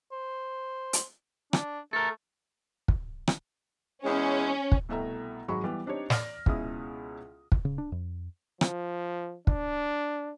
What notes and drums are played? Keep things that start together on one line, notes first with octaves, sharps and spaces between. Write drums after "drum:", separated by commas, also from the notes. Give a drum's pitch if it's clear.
C5
drum: hi-hat
D4, drum: rim click
A3 A4 A#4
drum: kick
drum: rim click
E2 G#3 C#4
drum: kick
C2 B2 A3 E5 G5 A#5
G#1 F#3 G#3 F#4 B5 C#6
E3 G3 B3
C4 D4 D#4 G4 C#5
D5 F6 A#6, drum: snare
C#2 B2 C#4 E4 E5 D#6, drum: kick
drum: kick
C#3
D4
F2
F3, drum: rim click
D4, drum: kick